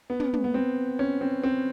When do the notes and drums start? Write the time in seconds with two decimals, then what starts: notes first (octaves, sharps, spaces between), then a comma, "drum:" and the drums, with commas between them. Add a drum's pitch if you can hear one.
0.10 B3
0.20 drum: tom
0.33 drum: tom
0.44 B3
0.54 C4
0.99 C#4
1.21 C4
1.44 C4